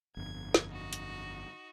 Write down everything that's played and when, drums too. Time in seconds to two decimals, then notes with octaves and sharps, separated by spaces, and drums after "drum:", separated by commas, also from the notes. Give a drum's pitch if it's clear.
0.17 G1 F2 G#6
0.54 drum: snare
0.70 D#4 F#4
0.93 drum: hi-hat